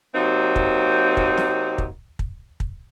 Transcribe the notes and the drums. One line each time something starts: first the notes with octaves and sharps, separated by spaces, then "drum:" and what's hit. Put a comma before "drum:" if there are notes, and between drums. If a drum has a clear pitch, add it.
C3 F#3 A#3 C4 D#4
drum: kick
drum: kick
drum: snare
drum: kick
drum: kick
drum: kick